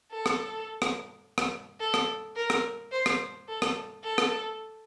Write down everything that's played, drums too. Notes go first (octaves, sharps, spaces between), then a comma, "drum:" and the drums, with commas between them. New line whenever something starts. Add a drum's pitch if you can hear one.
A4
drum: rim click
drum: rim click
drum: rim click
A4
drum: rim click
A#4
drum: rim click
C5
drum: rim click
A4
drum: rim click
A4
drum: rim click